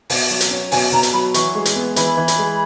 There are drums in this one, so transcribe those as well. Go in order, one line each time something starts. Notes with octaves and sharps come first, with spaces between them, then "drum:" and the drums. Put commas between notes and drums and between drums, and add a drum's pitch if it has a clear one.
B2, drum: open hi-hat
F#3
drum: hi-hat
C#4
B2 G#5, drum: open hi-hat
B2 A#5
drum: hi-hat
F#3 B5
E3 C#6, drum: hi-hat
G#3
drum: hi-hat
B3
E3 B5, drum: hi-hat
E3
drum: hi-hat
G#3